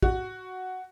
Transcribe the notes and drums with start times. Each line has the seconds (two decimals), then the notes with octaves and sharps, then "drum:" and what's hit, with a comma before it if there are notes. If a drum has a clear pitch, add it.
0.02 F#4, drum: kick